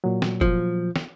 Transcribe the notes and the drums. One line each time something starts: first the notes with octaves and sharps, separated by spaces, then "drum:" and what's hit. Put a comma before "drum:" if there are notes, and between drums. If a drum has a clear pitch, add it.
A#2 F#3
drum: snare
F3, drum: kick F#1
drum: snare